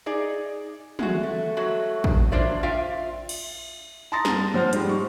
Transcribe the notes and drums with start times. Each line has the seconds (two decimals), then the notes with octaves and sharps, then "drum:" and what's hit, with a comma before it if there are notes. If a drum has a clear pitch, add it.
0.06 D#4 G#4 D5
0.99 G#3 A3 F#4, drum: tom
1.23 A3
1.57 F#3 G#3 A3 F#4
2.04 drum: kick
2.32 F#3 D4 F4 C5 D5 E5
2.63 F4 E5 F5 G5
3.29 drum: cymbal
4.12 A5 A#5 C6 D#6 A6 A#6
4.25 G2, drum: snare
4.54 F3 C5 F#5 F6
4.73 G#2 G3, drum: hi-hat
4.89 C#6